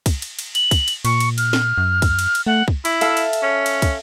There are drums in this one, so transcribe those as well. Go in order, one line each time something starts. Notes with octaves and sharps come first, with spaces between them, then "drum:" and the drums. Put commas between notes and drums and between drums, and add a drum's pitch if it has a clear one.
drum: kick, cymbal
drum: cymbal
drum: cymbal
F#7, drum: cymbal
drum: kick, cymbal
drum: cymbal
A#2 C#6, drum: cymbal
drum: cymbal
F6, drum: cymbal
drum: snare
F#2
drum: kick, cymbal
drum: cymbal
drum: cymbal
A3 F#5
drum: kick
E4, drum: cymbal
A4 E5 F5, drum: cymbal
drum: cymbal
drum: cymbal
C#4
drum: cymbal
drum: kick, cymbal